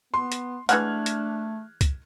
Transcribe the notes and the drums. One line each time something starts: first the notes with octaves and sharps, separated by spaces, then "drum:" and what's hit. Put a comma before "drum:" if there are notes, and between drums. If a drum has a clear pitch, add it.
B3 C6
drum: hi-hat
E3 G#3 A3 D4 F#5 F6 F#6 G#6, drum: hi-hat
drum: hi-hat
drum: kick, hi-hat